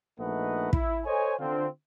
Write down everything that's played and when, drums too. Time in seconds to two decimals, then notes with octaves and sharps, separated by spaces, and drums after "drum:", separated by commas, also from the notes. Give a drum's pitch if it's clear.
0.19 A#1 A3 D#4 B4 D#5 F#5
0.73 E4, drum: kick
1.06 A4 C5 C#5 D#5 G#5
1.39 D3 C4 F4